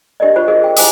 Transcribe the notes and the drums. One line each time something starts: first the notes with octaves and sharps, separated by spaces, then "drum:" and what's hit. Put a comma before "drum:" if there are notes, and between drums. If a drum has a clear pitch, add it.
D4 G4 A#4 D5 D#5
F4 F#4 C5 C#6
F#4 G#4 A#4 D#5 F5
G#4 G5
E4 G4 C5 G#5 D6 D#6, drum: open hi-hat